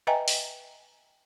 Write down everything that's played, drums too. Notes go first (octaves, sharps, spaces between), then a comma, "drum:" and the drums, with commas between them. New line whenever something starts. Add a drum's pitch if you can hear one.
B4 D#5 E5 G5 G#5 A#5
drum: open hi-hat